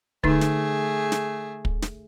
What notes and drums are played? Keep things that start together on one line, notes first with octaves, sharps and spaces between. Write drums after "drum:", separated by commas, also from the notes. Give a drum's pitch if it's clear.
D3 A3 D#4 G#4, drum: kick
drum: snare
drum: snare
drum: kick
drum: snare